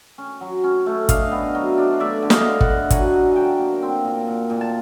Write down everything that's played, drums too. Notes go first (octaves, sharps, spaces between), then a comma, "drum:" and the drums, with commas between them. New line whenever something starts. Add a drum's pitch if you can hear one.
C#4
F#3
C#4
A3
D4 D#5 F5, drum: kick, hi-hat
B3
F#3
D4
A3 D5 E5
D3
D#5 F5, drum: snare
D3
E5 F#5, drum: kick
D3
F#3 F#5 G#5, drum: kick, hi-hat
F#3
F#3 G5 A5
A#3
C4
A#2
A#2
A#2
A5